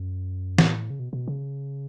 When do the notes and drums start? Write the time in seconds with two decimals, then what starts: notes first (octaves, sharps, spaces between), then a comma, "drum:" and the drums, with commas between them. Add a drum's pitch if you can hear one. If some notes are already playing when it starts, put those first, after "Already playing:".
Already playing: F#2
0.58 A2, drum: snare
0.90 C#3
1.00 B2
1.13 B2
1.28 C#3